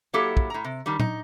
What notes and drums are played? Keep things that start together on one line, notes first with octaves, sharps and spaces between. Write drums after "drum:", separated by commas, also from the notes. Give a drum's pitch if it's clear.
F#3 A#3 E4 G4 A4
drum: kick
A2 A#5
C3
D#3 G3
D#4, drum: tom A#2